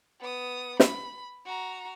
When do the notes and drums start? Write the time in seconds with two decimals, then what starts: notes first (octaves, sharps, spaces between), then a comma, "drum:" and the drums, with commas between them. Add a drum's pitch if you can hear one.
0.20 B3 D#6
0.80 B5, drum: snare
1.45 F#4 A#5